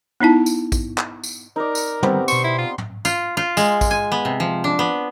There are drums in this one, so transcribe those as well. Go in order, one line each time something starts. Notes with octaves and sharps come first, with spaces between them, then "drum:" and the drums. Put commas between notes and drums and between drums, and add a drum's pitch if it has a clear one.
B3 D#4 E4 A5
drum: tambourine
drum: kick, tambourine
drum: clap
drum: tambourine
D#4 A#4 D5
drum: tambourine
D3 D#3 G3 B3 C4 G4, drum: tom
B2 C5 C6 C#6, drum: tambourine
E4
F4
drum: tom
F4, drum: tambourine
F4
G#3, drum: tambourine
drum: kick, tambourine
G#5
B3
C3
F3
D4
B3